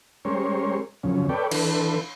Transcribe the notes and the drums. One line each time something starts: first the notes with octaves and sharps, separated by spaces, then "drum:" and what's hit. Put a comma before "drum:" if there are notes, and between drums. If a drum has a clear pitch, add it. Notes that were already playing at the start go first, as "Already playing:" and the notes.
G3 G#3 C#4 A#4 C5 C#5
F#2 C#3 F3 C#4
A4 B4 C#5 D5 G5
E3 D4 A4 B4, drum: cymbal